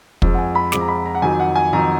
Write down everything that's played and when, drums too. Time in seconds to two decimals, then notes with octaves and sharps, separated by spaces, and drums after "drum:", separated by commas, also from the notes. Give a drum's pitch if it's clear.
0.22 F2 F3 G#3, drum: kick
0.34 F#5
0.38 G#5
0.55 B5
0.72 F2 F3 G#3 D6, drum: snare
0.81 A#5
0.88 B5
1.06 A#5
1.15 F#5
1.22 F2 D#3 F#3 G#5
1.40 F#5
1.56 G#5
1.73 F2 D#3 F#3 A#5